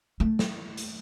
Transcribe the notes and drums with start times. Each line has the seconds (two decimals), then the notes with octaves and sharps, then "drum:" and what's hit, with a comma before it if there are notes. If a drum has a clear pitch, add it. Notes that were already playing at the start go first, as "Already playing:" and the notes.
0.20 A3
0.39 drum: snare
0.77 drum: hi-hat